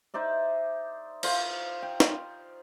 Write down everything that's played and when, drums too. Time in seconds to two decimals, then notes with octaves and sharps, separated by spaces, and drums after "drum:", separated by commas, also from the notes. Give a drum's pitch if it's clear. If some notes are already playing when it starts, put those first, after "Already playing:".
0.14 D#4 C5 D5 E5
1.23 F4 C5, drum: cymbal
1.82 G5
2.00 drum: snare